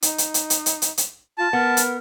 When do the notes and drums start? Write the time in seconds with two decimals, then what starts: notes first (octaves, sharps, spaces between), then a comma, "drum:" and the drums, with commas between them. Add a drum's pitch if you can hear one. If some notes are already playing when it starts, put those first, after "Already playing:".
0.02 D#4, drum: hi-hat
0.18 drum: hi-hat
0.34 drum: hi-hat
0.50 drum: hi-hat
0.66 drum: hi-hat
0.82 drum: hi-hat
0.98 drum: hi-hat
1.38 F4 A5
1.53 B3 A#4
1.77 drum: hi-hat